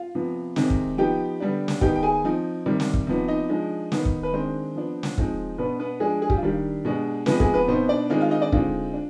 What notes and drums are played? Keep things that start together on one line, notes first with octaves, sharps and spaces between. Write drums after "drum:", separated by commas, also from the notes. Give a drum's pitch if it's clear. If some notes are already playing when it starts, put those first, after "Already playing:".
Already playing: F4 F5
C3 F3 B3
C3 D#3 G#3 C4 D#4, drum: snare
drum: kick
F3 B3 D#4 G4 G5
D3 G3 B3 D4
drum: snare
D#3 B3 D#4 G4 G5, drum: kick
G5
G#4 G#5
F3 C4 D#4
C3 D#3 G3
drum: snare
drum: kick
C3 F3 B3 D#4
D#4 D#5
F3 G#3 D4
D#3 B3 D#4, drum: snare
drum: kick
B4
D#3 G#3 C4 D4 C5
F3 B3 D4
drum: snare
F3 G#3 C4 D#4, drum: kick
B2 B3 D4 B4
B3 B4
F3 G#3 D4 G#4
G#4
G4, drum: kick
F4
D#3 G3 D4 G4
B2 G#3 D4
C3 F3 G#3 B3 B4, drum: snare
G#3 G#4, drum: kick
B3 B4
B2 B3 C4 D#4 C5
D4 D5
D#3 G#3 C4 D#4 F4 F5
F4 F5
D#4 D#5
D4 D5
D3 G#3 C4 D#4 F4, drum: kick
D4